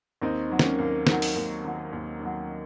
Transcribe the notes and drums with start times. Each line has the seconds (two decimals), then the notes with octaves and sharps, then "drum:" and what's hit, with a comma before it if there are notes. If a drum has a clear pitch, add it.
0.22 D#2 C4 D#4
0.50 D#3 F#3
0.59 A#3 C#4, drum: snare
0.79 D#2 A#3
1.07 D#3, drum: snare
1.12 F#3
1.22 drum: open hi-hat
1.36 D#2
1.64 D#3 F#3
1.93 D#2
2.20 D#3 F#3